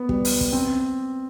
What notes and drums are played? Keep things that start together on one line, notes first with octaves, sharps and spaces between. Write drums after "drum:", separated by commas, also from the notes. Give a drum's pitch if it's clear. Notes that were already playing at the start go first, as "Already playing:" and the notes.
Already playing: B3
G3, drum: kick
drum: open hi-hat
drum: kick
C4